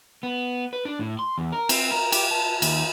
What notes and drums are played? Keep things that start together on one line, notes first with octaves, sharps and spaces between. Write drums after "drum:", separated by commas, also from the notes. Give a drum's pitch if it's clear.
B3
B4
D4
A2
C6
E2
A#4
C4, drum: cymbal
A#4
G4, drum: cymbal
A5
D#2, drum: cymbal